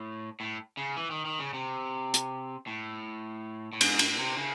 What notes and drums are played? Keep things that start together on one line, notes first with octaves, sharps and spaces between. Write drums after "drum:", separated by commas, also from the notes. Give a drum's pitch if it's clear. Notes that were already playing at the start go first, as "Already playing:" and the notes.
Already playing: A2
A2
C#3
E3
D#3
D#3
C#3
C3
drum: hi-hat
A2
A2
G#2, drum: cymbal
A2, drum: cymbal
C3
C#3